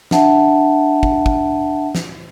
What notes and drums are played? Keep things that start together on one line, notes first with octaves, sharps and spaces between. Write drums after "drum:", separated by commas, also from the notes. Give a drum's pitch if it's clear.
D4 E5 F#5 A5, drum: snare
drum: kick
drum: kick
drum: snare